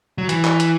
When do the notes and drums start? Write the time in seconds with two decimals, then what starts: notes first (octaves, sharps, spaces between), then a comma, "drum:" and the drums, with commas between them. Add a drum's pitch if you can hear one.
0.18 F#3
0.29 E3, drum: hi-hat
0.45 drum: clap
0.60 drum: hi-hat